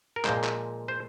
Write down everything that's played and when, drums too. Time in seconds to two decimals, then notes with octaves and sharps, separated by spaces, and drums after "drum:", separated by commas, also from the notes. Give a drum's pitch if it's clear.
0.16 A#4
0.25 A#2 F3 G#3 C5, drum: clap
0.44 drum: clap
0.88 C5